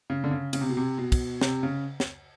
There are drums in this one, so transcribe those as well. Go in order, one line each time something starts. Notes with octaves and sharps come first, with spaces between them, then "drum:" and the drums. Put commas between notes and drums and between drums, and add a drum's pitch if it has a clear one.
C#3
D3
C#3
C#3, drum: cymbal
C3
B2
C3
B2
drum: kick, cymbal
C3, drum: snare
C#3
drum: snare